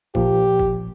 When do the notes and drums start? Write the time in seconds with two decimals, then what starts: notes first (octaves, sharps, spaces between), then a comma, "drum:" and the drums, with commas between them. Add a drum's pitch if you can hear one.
0.15 A#2 F3 G4, drum: kick
0.59 drum: kick